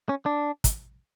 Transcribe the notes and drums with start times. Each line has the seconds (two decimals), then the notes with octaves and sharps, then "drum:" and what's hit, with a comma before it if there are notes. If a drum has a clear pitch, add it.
0.09 C#4
0.26 D4
0.64 drum: kick, hi-hat